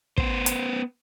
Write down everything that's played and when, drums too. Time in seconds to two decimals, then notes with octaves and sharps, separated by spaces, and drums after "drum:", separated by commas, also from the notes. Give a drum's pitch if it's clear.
0.18 B3 C5, drum: kick
0.46 drum: hi-hat